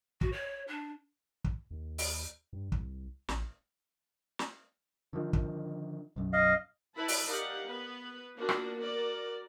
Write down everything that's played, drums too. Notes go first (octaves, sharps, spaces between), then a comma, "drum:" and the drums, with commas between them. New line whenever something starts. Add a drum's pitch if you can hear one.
F#4, drum: kick
C#5
D4
drum: kick
D#2
drum: open hi-hat
G2
C2, drum: kick
A1, drum: snare
drum: snare
D3 D#3 F3
drum: kick
B1 F#2
D#5 F5
E4 B4 E5 A5 B5
drum: open hi-hat
D#4 G4 A#4 D5 F5 F#5
B3 B4
A#3 B3 D4 F4 F#4
drum: rim click
F#4 A#4 D5